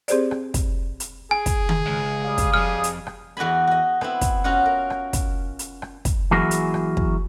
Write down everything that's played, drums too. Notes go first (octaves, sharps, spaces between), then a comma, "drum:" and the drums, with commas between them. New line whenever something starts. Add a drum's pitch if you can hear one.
C4 G4 G#4 C5 D5, drum: hi-hat
drum: rim click
drum: kick, hi-hat
drum: hi-hat
G#4 G#5
drum: kick, hi-hat
drum: tom D#3
C#2
G3 F5 D#6
drum: kick, hi-hat
C2 F2 G#4 F6
drum: hi-hat
drum: rim click
E2 F#4 D#5 G#5 B5
F#4 D#5
B3 C4 E4, drum: rim click
drum: kick, hi-hat
C#4 F4 F#4 D#5 F#5
A#4
drum: rim click
drum: kick, hi-hat
drum: hi-hat
drum: rim click
drum: kick, hi-hat
E3 F#3 A#3 E4 F#4 G#4
drum: hi-hat
drum: rim click
drum: kick